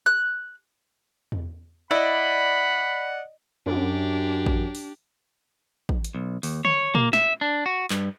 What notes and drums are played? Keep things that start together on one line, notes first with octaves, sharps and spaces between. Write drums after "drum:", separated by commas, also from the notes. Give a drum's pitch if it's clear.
F#6
drum: tom E2
E4 D5 D#5 F#5 B5
F#2 D4 G4
drum: kick
drum: open hi-hat
drum: kick
drum: hi-hat
B1
D#2, drum: open hi-hat
C#5, drum: tom D3
A#3, drum: tom A#2
E5, drum: snare
D4
F#4
G2, drum: clap